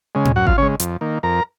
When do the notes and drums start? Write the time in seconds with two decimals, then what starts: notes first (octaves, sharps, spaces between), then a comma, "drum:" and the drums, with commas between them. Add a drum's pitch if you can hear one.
0.15 C#3 G#3
0.25 drum: tom A2
0.36 F#2 F#4 F#5
0.47 F4 F5, drum: kick G#1
0.58 C#3 G#3 C#4 C#5
0.80 F2, drum: hi-hat
1.01 D#3 A#3
1.23 F2 A#4 A#5